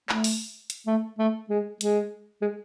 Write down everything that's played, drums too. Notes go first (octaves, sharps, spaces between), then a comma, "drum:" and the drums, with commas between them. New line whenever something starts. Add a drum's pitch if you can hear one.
A3, drum: clap
drum: open hi-hat
drum: hi-hat
A3
A3
G#3
G#3, drum: hi-hat
G#3